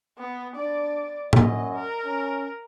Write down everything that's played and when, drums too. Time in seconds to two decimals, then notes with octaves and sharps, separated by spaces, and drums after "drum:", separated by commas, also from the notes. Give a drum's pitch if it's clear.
0.18 B3
0.56 D4 D5
1.33 F#2 D#5, drum: tom A2
1.75 A#4
2.05 C#4